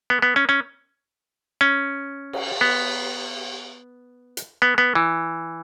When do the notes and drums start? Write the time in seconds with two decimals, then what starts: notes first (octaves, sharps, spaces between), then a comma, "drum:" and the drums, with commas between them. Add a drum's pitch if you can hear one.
0.10 B3
0.22 B3
0.36 C#4
0.49 C#4
1.61 C#4
2.33 drum: cymbal
2.61 B3
4.37 drum: hi-hat
4.62 B3
4.78 B3
4.95 E3